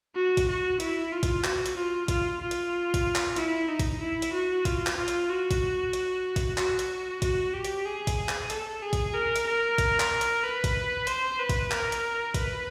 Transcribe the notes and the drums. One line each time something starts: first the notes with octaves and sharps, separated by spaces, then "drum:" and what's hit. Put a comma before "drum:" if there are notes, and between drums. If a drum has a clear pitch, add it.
F#4
drum: kick A#1, hi-hat
F#4
E4, drum: hi-hat
F4
drum: kick A#1, hi-hat
F#4, drum: clap
drum: hi-hat
F4
F4, drum: kick A#1, hi-hat
F4
drum: hi-hat
drum: kick A#1, hi-hat
drum: clap
E4, drum: hi-hat
D#4
drum: kick A#1, hi-hat
E4
drum: hi-hat
F#4
F4, drum: kick A#1, hi-hat
drum: clap
F4
drum: hi-hat
F#4
drum: kick A#1, hi-hat
drum: hi-hat
drum: kick A#1, hi-hat
F#4, drum: clap
drum: hi-hat
F#4, drum: kick A#1, hi-hat
G4
drum: hi-hat
G#4
drum: kick A#1, hi-hat
drum: clap
A4, drum: hi-hat
G#4
drum: kick A#1, hi-hat
A#4
drum: hi-hat
A#4
drum: kick A#1, hi-hat
drum: clap
drum: hi-hat
B4
drum: kick A#1, hi-hat
C5, drum: hi-hat
B4
drum: kick A#1, hi-hat
A#4, drum: clap
drum: hi-hat
B4, drum: kick A#1, hi-hat